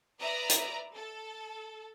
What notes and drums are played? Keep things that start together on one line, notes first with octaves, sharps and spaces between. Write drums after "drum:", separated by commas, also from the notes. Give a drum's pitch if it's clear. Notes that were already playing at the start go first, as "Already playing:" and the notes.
B4 D5 E5 A#5 D#6
drum: hi-hat
A4